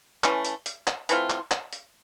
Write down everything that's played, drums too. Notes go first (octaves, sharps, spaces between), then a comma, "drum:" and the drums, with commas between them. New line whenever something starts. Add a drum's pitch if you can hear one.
E3 A3 C#4, drum: clap
drum: hi-hat
drum: hi-hat
drum: clap
E3 A3 C4 F4, drum: hi-hat
drum: clap
drum: clap
drum: hi-hat